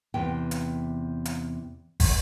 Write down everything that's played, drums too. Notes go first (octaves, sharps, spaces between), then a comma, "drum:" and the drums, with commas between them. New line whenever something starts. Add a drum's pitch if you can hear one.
E2 C3 G5
drum: hi-hat
drum: hi-hat
drum: kick, open hi-hat